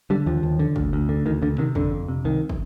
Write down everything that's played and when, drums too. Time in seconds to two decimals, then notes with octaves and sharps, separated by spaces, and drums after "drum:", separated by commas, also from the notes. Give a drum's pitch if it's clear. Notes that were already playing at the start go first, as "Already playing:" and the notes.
0.10 D3 G3
0.26 D#2 F3
0.43 D#2
0.59 D3
0.76 D2, drum: kick
0.93 D2
1.09 D3
1.26 D2 D#3
1.42 D2 D3
1.58 C3 D#3
1.75 F2 D3, drum: kick
1.92 F2
2.09 C3
2.25 C2 D#3
2.49 drum: kick